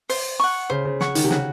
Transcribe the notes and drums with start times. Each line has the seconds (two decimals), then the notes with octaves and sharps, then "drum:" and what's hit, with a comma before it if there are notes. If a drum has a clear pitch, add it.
0.10 C5, drum: open hi-hat
0.40 F#5 C#6
0.70 C#3 C5
0.85 C#3
1.01 F#5 C#6, drum: snare
1.15 D#3, drum: hi-hat
1.24 C3
1.31 C#3 F#4, drum: snare